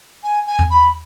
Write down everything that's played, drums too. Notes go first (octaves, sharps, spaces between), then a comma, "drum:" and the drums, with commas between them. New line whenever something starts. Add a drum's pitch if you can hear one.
G#5
G#5
drum: tom E2
B5